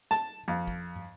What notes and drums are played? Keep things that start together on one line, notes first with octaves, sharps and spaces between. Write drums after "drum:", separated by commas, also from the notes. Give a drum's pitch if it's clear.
A5, drum: snare
F2
drum: kick
drum: tom